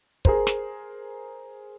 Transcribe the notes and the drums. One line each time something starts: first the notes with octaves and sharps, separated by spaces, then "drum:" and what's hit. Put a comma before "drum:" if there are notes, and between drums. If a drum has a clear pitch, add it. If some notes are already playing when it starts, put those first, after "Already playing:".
G#4 A#4 C5, drum: kick
drum: snare